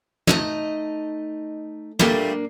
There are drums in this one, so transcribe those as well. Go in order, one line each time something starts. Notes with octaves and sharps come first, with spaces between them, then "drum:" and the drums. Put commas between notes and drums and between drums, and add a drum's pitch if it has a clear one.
A3 D#4 D#5, drum: snare
A#2 G3 A3 A#3 D4, drum: snare